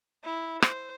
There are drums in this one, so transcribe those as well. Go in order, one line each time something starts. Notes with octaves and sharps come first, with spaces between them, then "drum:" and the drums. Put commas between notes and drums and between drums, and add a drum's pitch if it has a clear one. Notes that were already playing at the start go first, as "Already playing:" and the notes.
E4
C5, drum: rim click